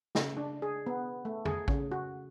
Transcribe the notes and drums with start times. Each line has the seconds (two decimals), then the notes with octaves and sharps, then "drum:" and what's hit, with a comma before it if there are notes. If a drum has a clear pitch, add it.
0.15 C#3, drum: snare
0.37 D4
0.62 G#4
0.87 B3
1.25 A3
1.45 G#4, drum: tom F2
1.68 C#3, drum: kick A1
1.92 F#4